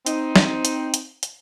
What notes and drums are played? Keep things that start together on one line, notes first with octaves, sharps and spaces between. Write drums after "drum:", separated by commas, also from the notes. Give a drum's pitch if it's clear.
C4 D#4, drum: hi-hat
drum: snare
drum: hi-hat
drum: hi-hat
drum: hi-hat